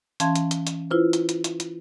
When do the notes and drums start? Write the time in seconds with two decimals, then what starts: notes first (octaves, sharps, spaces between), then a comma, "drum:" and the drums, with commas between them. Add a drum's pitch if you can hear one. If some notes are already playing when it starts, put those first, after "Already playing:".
0.20 E3 C#4 F5 A5 C6 G#6, drum: hi-hat
0.36 drum: hi-hat
0.51 drum: hi-hat
0.67 drum: hi-hat
0.91 E4 F4 B4 C5
1.13 drum: hi-hat
1.29 drum: hi-hat
1.44 drum: hi-hat
1.60 drum: hi-hat